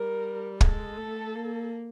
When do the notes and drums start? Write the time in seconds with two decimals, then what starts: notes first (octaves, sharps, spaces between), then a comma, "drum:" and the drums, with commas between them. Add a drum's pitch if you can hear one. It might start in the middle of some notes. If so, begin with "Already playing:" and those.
Already playing: G3 A#4
0.61 G#3 A4, drum: kick
0.98 A3
1.35 A#3